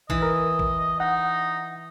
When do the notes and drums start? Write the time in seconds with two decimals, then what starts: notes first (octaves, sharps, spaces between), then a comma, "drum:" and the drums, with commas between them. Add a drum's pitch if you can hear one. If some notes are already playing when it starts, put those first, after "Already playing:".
0.10 E3 D#5, drum: kick
0.22 A#4
0.59 drum: kick
1.00 D#4 F#5